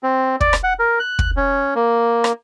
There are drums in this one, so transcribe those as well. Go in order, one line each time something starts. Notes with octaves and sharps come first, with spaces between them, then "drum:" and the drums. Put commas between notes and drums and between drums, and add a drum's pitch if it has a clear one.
C4
D5, drum: kick
drum: rim click
F#5
A#4
F#6
drum: kick
C#4
A#3
drum: rim click